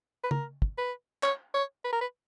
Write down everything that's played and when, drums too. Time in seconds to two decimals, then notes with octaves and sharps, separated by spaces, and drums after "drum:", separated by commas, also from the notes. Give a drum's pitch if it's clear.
0.24 B4
0.31 A#4, drum: tom C#3
0.62 drum: kick
0.78 B4
1.23 C#5, drum: clap
1.54 C#5
1.84 B4
1.92 A#4
2.01 B4